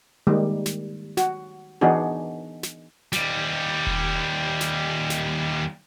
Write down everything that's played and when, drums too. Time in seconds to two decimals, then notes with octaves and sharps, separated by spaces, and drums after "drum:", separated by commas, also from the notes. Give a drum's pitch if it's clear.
0.27 D#3 G3 G#3 A#3
0.66 drum: snare
1.17 F#4, drum: snare
1.81 E3 B3 D4 D#4 F#4 G#4
2.63 drum: snare
3.13 D#2 G3, drum: snare
3.87 drum: kick E1
4.61 drum: snare
5.10 drum: snare